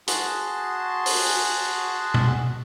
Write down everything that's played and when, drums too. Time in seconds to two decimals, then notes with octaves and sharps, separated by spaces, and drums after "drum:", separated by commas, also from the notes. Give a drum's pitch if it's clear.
0.08 F#4 G#4 A5 C6, drum: hi-hat
1.06 drum: open hi-hat
2.14 drum: tom B2